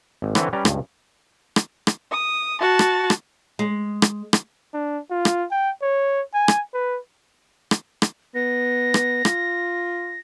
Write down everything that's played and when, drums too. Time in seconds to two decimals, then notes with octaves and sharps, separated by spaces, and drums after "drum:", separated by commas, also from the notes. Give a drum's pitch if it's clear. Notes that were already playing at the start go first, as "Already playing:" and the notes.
0.22 G#1
0.35 D3 E3 C4 B4 C#5, drum: rim click
0.53 G3 C#4 B4 D5 A#5
0.65 C#2 G2, drum: rim click
1.56 drum: rim click
1.87 drum: rim click
2.12 D#6
2.60 F#4 A5
2.79 drum: rim click
3.10 drum: rim click
3.59 G#3
4.02 drum: rim click
4.33 drum: rim click
4.74 D4
5.11 F4
5.25 drum: rim click
5.51 G5
5.82 C#5
6.34 G#5
6.48 drum: rim click
6.74 B4
7.71 drum: rim click
8.02 drum: rim click
8.35 B3 A#6
8.94 drum: rim click
9.25 F4, drum: rim click